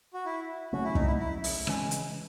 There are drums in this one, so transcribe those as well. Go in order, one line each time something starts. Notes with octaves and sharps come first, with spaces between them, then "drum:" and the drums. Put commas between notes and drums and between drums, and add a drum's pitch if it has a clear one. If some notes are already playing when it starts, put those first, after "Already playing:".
F#4
E4
C#3 F#3 A3 C#4 F#4
E4
D#4, drum: kick
E4
E4
drum: open hi-hat
C#3 E3 G#3 C#4, drum: rim click
drum: hi-hat